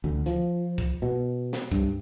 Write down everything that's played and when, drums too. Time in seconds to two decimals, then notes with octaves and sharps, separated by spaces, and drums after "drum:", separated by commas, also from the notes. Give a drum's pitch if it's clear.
0.04 D2
0.26 F3, drum: hi-hat
0.78 drum: kick C2
1.02 B2
1.53 drum: snare
1.72 G2, drum: kick C2